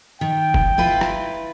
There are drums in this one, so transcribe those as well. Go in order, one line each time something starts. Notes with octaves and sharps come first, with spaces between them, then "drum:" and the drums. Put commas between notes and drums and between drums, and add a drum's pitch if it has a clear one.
D#3 G5
drum: kick
E4 F4 B4
drum: rim click